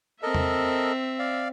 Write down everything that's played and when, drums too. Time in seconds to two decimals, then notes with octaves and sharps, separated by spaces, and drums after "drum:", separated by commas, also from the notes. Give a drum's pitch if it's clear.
0.23 C4 A4 A#4 D#5 E5
0.35 drum: tom E2
1.19 D5 F5